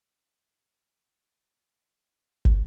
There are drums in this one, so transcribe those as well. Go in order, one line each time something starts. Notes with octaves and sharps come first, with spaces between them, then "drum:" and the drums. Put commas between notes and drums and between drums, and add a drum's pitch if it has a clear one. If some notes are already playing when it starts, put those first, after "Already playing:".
G2 A#2 D3
drum: kick